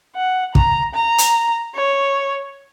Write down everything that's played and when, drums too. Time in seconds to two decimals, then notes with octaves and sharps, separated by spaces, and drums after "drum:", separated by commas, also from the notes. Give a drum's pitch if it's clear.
0.16 F#5
0.55 A#5, drum: kick
0.95 A#5
1.18 drum: hi-hat
1.75 C#5